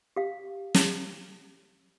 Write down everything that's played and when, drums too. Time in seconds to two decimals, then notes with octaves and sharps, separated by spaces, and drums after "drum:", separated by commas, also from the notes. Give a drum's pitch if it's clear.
0.16 G4 F5
0.74 drum: snare